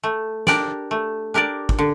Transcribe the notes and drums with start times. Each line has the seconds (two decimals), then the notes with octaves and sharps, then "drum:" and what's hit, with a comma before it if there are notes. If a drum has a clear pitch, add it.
0.03 A3
0.47 D4 G4 A#4 D5, drum: snare
0.91 A3
1.34 D4 G4 A#4 D5
1.69 drum: kick
1.79 D3